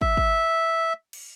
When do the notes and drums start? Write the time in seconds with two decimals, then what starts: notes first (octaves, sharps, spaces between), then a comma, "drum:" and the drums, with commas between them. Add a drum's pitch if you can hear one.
0.01 E5, drum: kick
0.17 drum: kick
1.13 drum: cymbal